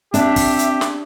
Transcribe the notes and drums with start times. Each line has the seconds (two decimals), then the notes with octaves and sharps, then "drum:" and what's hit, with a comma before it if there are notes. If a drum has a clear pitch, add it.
0.14 C4 D4 G4 E5, drum: hi-hat
0.36 drum: kick, open hi-hat
0.59 drum: hi-hat
0.81 drum: snare